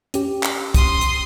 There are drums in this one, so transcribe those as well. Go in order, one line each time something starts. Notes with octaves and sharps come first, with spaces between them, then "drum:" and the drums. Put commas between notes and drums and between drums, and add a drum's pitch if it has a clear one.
C#4 G4, drum: hi-hat
drum: clap
C6 D#6, drum: kick, hi-hat
drum: hi-hat